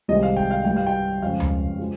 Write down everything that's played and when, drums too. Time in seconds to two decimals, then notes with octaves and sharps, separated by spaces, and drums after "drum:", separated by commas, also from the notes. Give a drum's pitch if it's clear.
0.08 C2 C3 D#3 G#3 D#5
0.23 F5
0.37 G5, drum: kick
0.51 F5
0.65 G2 G3 G5
0.76 F5
0.87 G5
1.22 F2 C#3 G#3 F5
1.40 drum: tom D2
1.79 F3 G#3